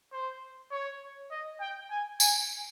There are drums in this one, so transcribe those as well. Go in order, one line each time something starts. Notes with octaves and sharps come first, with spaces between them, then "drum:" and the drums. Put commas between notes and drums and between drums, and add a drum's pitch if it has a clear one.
C5
C#5
D#5
G5
G#5
G#5, drum: tambourine